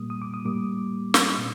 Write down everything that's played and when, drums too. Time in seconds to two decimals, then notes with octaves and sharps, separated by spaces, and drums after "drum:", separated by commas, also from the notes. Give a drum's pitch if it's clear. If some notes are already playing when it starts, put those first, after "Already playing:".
Already playing: A#2 G3 A#3 D#6
0.10 D#6
0.22 D6
0.34 D#6
0.45 A2 G3 A#3 D6
1.14 drum: snare
1.38 A#2